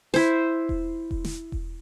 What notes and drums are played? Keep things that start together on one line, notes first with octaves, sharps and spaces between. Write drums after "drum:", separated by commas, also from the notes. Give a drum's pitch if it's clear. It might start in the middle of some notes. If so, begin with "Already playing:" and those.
E4 C5, drum: snare
drum: kick E1
drum: kick E1
drum: snare
drum: kick E1